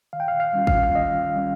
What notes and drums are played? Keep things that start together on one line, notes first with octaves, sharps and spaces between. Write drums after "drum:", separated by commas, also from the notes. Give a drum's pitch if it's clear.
D#3 F5
G5
F5
F5
G3 C#4 F4
F5, drum: kick
F5
D#3 D#5
G3 C#4